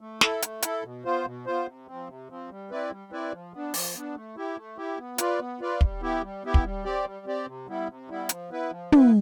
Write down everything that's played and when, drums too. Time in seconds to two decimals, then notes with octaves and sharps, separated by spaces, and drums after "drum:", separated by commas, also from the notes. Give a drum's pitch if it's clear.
0.01 A3
0.21 E4 A4, drum: snare
0.42 A3, drum: hi-hat
0.62 E4 A4, drum: hi-hat
0.83 B2
1.05 B3 F4 C5
1.25 B2
1.46 B3 F4 C5
1.66 C3
1.87 F3 C4
2.08 C3
2.29 F3 C4
2.50 G3
2.71 C4 E4 B4 D5
2.90 G3
3.11 C4 E4 B4 D5
3.32 F3
3.53 B3 D4
3.74 F3, drum: open hi-hat
3.94 B3 D4
4.15 A3
4.36 E4 G4
4.56 A3
4.78 E4 G4
4.98 B3
5.18 F4 B4 D5, drum: hi-hat
5.39 B3
5.61 F4 B4 D5
5.81 G3, drum: kick
6.01 B3 E4 G4
6.23 G3
6.44 B3 E4 G4
6.54 drum: kick
6.64 G3
6.84 C4 G4 D5
7.05 G3
7.26 C4 G4 D5
7.46 C3
7.67 G3 B3 E4
7.89 C3
8.08 G3 B3 E4
8.29 F3, drum: hi-hat
8.50 B3 E4 B4
8.70 F3
8.92 B3 E4 B4, drum: tom